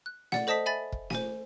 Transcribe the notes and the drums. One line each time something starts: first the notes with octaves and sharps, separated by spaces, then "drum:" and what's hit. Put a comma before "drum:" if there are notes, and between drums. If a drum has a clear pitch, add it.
F#6
D5 F#5, drum: snare
A4 C5 D#5 A5 D#6 B6
E5 G#5 B5 A6
drum: kick
C5 G#5, drum: snare